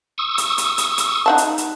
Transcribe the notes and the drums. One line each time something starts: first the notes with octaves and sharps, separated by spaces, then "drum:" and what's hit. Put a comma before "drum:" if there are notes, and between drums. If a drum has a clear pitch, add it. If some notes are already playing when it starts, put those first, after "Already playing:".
C#6 D#6 E6
drum: hi-hat
drum: hi-hat
drum: hi-hat
drum: hi-hat
D#4 F#5 A5
drum: hi-hat
drum: hi-hat